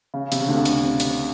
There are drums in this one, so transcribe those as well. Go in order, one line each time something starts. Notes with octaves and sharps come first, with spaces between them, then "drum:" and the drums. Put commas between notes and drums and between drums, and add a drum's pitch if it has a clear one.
C#3
C3, drum: hi-hat
C#3
D2 D3
drum: hi-hat
C3
drum: hi-hat